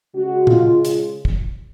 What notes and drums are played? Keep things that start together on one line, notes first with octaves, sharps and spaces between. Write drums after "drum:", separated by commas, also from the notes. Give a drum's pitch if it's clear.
C#3 G#3 F#4
F4, drum: tom A#2
drum: hi-hat
drum: kick